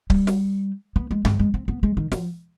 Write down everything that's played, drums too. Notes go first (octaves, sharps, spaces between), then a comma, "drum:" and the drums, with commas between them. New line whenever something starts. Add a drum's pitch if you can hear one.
G3, drum: kick C#1
drum: snare
B3
G#3
G#3, drum: tom G2
G#3
C4
B3
G#3
D#3
F3, drum: snare